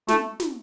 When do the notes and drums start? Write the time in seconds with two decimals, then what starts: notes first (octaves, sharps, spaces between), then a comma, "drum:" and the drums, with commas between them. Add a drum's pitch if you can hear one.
0.08 A3, drum: snare
0.40 drum: snare